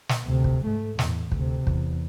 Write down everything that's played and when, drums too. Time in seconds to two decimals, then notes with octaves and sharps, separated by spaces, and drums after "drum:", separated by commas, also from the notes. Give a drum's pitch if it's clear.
0.09 drum: snare
0.24 D2 C3
0.44 drum: kick
0.65 G#2 A3
0.99 E2 A2, drum: snare
1.32 D2 C3, drum: kick
1.67 E2, drum: kick